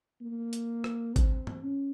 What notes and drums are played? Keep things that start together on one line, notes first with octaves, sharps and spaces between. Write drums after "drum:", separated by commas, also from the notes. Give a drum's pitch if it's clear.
A#3
drum: hi-hat
drum: rim click
C4, drum: kick G#1, hi-hat
drum: tom
C#4